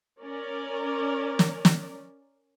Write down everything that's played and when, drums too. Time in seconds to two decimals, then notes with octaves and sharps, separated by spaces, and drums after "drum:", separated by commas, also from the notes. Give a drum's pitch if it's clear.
0.21 C#4 A#4 D5
1.39 drum: snare
1.65 drum: snare